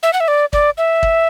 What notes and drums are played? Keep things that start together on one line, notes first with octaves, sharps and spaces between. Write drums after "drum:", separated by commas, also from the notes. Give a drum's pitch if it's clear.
E5
F#5
E5
D5
D5, drum: kick
E5
drum: kick